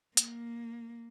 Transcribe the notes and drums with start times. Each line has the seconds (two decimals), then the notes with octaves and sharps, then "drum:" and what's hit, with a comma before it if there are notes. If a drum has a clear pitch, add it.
0.17 A#3, drum: hi-hat